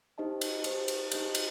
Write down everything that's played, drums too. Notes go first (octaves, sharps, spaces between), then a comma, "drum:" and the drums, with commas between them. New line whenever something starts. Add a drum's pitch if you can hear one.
D#4 G4 C5 D#5 A5
drum: cymbal
D#4 G4 C5 D#5 A5, drum: cymbal
drum: cymbal
D#4 G4 C5 D#5 A5, drum: cymbal
drum: cymbal